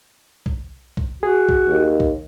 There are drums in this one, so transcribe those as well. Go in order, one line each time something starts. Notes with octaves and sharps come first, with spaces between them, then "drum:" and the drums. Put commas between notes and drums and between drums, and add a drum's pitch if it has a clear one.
drum: kick
drum: kick
F#4 G#4
drum: kick
D#2
drum: kick